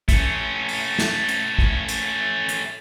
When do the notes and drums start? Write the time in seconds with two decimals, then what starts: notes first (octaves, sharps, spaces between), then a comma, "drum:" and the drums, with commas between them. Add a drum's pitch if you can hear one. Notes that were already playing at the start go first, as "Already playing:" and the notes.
0.09 A3 C#4, drum: kick, hi-hat
0.69 drum: open hi-hat
0.99 drum: snare
1.29 drum: hi-hat
1.59 drum: kick
1.89 drum: hi-hat
2.49 drum: hi-hat